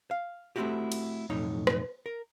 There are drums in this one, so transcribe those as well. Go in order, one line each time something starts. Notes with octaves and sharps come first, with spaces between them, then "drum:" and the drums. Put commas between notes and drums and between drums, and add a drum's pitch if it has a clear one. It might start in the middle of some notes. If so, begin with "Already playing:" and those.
F5
A3 C4 C#4 E4 F#4 G4
drum: cymbal
B1 F2 A2 D#4 C#5
drum: rim click
A#4